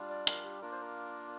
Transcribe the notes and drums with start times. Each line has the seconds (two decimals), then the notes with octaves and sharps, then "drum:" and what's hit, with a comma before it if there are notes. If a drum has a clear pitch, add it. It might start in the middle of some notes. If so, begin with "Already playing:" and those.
Already playing: G3 D4 F4
0.09 D5
0.27 A#4, drum: hi-hat
0.44 G4
0.62 A#3 D4 F4 A#4
0.72 C5
0.81 A#4